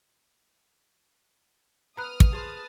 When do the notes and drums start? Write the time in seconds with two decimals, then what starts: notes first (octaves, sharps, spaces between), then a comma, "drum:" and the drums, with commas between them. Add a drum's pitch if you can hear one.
1.97 B3 A#5 B5 D#6 F6 F#6
2.20 drum: kick
2.33 G#4 B4 C5 A5